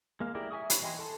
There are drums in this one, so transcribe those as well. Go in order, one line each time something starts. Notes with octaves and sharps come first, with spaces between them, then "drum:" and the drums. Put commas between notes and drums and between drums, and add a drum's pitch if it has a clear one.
G#3 A#3 F5
E4 G4 G#4 A#4 D5
E5 G#5 C#6 D#6
G4 C#5 B5 C#6 F#6, drum: hi-hat
E3 D#5 G5 G#5 C6
A4 A5 C6